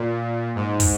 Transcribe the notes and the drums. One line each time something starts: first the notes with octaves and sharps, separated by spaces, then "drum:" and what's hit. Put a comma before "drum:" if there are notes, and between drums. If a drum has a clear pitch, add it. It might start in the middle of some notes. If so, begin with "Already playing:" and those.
Already playing: A#2
G#2
drum: kick, open hi-hat